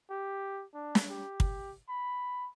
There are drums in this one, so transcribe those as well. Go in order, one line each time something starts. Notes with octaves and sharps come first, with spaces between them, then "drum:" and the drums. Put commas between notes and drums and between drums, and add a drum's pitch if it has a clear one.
G4
D4
drum: snare
G4
drum: kick
B5